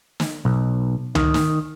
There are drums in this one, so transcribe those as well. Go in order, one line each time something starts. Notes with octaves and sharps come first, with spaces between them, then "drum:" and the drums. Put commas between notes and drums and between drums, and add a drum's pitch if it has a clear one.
drum: snare
B1
D#3, drum: tom C#2
drum: snare